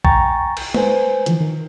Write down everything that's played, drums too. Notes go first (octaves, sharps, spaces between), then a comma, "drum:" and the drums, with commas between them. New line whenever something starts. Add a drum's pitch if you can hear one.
G5 G#5 A#5 C#6 A6, drum: kick A#1
drum: cymbal
B4 C5 G#5, drum: tom G#3
D3 E3 F3, drum: hi-hat
D#3